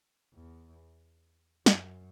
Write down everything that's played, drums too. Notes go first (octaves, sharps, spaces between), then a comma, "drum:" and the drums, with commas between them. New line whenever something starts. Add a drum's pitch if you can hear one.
E2
F#2, drum: snare